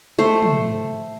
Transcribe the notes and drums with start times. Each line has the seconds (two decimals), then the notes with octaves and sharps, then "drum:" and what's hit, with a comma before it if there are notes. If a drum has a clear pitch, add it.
0.19 A3 C5
0.42 drum: tom